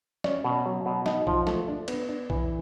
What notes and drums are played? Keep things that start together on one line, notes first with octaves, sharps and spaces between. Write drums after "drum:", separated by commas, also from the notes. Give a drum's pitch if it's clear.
C#4 D5, drum: snare
B2
F#3
B2
D#4 D#5, drum: snare
F3, drum: kick A#1
A3, drum: snare
D4
B3, drum: cymbal
D4
E3, drum: kick A#1